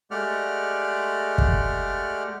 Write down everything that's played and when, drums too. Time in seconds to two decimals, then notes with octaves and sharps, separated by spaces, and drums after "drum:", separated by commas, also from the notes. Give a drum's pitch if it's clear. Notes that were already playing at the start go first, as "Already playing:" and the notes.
0.11 G#3 A3 G4 D5 F#5 F6
1.38 drum: kick